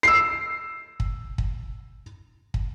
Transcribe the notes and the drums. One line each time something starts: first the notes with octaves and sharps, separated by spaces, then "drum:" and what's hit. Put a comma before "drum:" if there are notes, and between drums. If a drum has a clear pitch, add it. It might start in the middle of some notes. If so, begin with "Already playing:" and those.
E6 C7
drum: kick
drum: kick
drum: kick